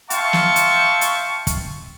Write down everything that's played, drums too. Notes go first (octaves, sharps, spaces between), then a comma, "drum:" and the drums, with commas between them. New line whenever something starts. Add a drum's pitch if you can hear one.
E5 F5 G5 A5 C6 C#6, drum: hi-hat
drum: snare
drum: hi-hat
drum: hi-hat
drum: kick, hi-hat